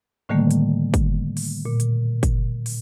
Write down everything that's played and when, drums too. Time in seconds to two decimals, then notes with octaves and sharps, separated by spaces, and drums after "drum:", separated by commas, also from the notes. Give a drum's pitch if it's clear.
0.29 A2 D3 D#3 G3 A3 A#3
0.51 drum: hi-hat
0.94 drum: kick, hi-hat
1.37 drum: open hi-hat
1.65 A#2
1.80 drum: hi-hat
2.23 drum: kick, hi-hat
2.66 drum: open hi-hat